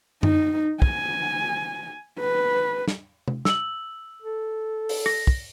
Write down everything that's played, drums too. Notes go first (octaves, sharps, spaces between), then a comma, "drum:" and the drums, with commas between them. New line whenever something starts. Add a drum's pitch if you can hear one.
D#4, drum: tom F#2
G#5, drum: kick
B4
drum: snare
drum: tom C3
E6 F#7, drum: snare
A4
drum: open hi-hat
A#6, drum: rim click
drum: kick